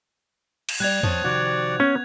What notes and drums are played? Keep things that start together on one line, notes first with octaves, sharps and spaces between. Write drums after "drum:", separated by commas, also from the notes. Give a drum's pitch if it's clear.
drum: cymbal
G3 D5 F#6 G#6 F7
F3 C4 C#5 A5 D#6, drum: tom E2
C3 D#3 F3 F#4 D5 F#5
B3 C#4